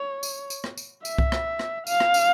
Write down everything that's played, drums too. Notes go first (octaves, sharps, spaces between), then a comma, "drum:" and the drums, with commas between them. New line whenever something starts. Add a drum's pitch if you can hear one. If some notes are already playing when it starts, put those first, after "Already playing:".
Already playing: C#5
drum: tambourine
drum: tambourine
drum: rim click
drum: tambourine
E5, drum: tambourine
drum: kick C2
drum: rim click
drum: rim click
F5, drum: tambourine
drum: rim click
drum: tambourine